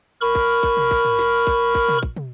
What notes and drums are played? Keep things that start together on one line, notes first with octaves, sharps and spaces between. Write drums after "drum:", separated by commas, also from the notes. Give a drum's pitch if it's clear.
A#4 B5 C#6 F6
drum: kick
drum: kick
drum: tom
drum: kick
drum: tom
drum: snare
drum: kick
drum: kick
drum: tom
drum: kick
drum: tom